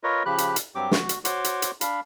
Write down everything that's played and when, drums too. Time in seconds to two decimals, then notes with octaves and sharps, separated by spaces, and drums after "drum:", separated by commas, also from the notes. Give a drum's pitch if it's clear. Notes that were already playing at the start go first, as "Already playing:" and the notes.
0.03 F4 A#4 B4 C#5 D#5
0.26 C#3 F3 G4 B5 F#6
0.38 drum: hi-hat
0.56 drum: hi-hat
0.75 G2 F#3 C4 G4 D6
0.91 F#4, drum: snare
1.09 drum: hi-hat
1.25 F#4 C5 C#5 F#5 C6 D6, drum: hi-hat
1.44 drum: hi-hat
1.62 drum: hi-hat
1.81 D4 F5 B5, drum: hi-hat